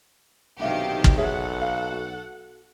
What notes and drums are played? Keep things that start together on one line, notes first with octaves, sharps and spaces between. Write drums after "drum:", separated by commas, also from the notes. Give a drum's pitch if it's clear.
B1 C3 D#3 D4 G4 E5 F5
drum: kick
G#4 A4 C#5 E5 F#5
F5
F#4